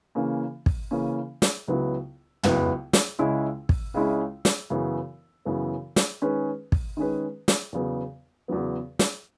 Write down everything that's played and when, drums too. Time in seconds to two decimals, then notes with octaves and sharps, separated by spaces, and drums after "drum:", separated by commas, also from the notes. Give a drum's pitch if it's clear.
0.15 C#3 E3 A#3 C#4
0.66 drum: kick
0.91 C#3 E3 A#3 C#4
1.42 drum: snare
1.68 C#2 C#3 F#3 B3 E4
2.43 C#2 C#3 F#3 B3 E4, drum: tom
2.93 drum: snare
3.19 C#2 C#3 G#3 C#4 E4
3.69 drum: kick
3.94 C#2 C#3 G#3 C#4 E4
4.45 drum: snare
4.70 F#2 C#3 E3 B3
5.45 F#2 C#3 E3 B3
5.96 drum: snare
6.22 D#3 G#3 C#4 G#4 B4
6.72 drum: kick
6.97 D#3 G#3 C#4 G#4 B4
7.48 drum: snare
7.73 E2 C#3 F#3 B3
8.48 E2 C#3 F#3 B3
8.99 drum: snare